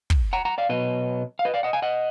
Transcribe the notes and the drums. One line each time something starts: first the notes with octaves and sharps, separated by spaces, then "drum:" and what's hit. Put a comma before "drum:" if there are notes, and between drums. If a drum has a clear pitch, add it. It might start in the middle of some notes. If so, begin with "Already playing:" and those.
drum: kick
F#5 A#5
F#5 A#5
D5 F5
B2 F#3 B3 B4 D#5
F5
B4 D#5
D5 F5
D#5 F#5
F5 G#5
D#5 F#5